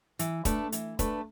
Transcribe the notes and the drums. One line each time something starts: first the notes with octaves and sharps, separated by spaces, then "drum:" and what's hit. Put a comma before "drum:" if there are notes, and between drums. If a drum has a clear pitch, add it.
E3, drum: hi-hat
A3 D4 B4, drum: kick E1, hi-hat
E3, drum: hi-hat
A3 D4 B4, drum: kick E1, hi-hat